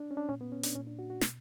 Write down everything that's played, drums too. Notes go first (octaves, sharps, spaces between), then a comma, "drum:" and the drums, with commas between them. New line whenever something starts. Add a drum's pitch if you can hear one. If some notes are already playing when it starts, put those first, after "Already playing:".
Already playing: D4
C#4
D4
A#2 C#4
B3
C#4
D4, drum: hi-hat
A#2 C#4
D4
F#4
F#4
B2 B3, drum: snare